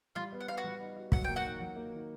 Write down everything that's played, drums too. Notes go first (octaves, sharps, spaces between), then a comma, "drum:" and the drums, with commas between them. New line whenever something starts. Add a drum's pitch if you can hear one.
G3 F4 F5
B3
F#5
B3 F5
F#4 F#5
G3
D#4
F#4
F#3 F#5, drum: kick
A#3 G5
F#4 F#5
D#3
F#3
A#3
D#3